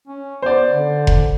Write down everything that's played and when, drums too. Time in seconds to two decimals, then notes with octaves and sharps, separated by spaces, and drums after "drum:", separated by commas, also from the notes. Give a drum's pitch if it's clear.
0.08 C#4
0.42 B3 C5 D5
0.71 D3
1.07 drum: kick F1